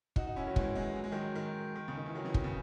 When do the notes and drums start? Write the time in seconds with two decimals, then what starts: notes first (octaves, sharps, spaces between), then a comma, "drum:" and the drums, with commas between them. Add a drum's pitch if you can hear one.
0.16 D#4 F#4, drum: kick
0.26 D#4 F#4
0.36 C#4 E4
0.46 D#3 F#3
0.56 E3 G#3, drum: kick
0.75 E3 G#3
0.96 F#3
1.04 G#3
1.12 D#3 F#3
1.35 D#3
1.75 D#3
1.88 C#3
1.97 D#3
2.06 E3
2.15 D#3 F#3
2.25 C#3 E3
2.34 D#3, drum: kick
2.44 C#3